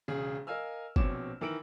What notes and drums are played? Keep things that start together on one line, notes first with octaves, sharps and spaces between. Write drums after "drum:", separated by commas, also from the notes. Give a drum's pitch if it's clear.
E1 C#3 G#4
A#4 D#5 F5 G#5 E6 F6
A#1 B2 C4 C#5 D6 E7, drum: kick G1
D#3 E3 A#4 E6 D7 F#7